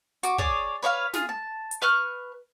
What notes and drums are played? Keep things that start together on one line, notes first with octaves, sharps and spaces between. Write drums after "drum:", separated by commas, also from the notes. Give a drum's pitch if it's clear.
F#4 D6, drum: hi-hat
G#4 C#5 D5, drum: kick
B4 C#5 D#5 F5
F4 G#4, drum: snare
A5
drum: hi-hat
B4 C#6 F6 F#6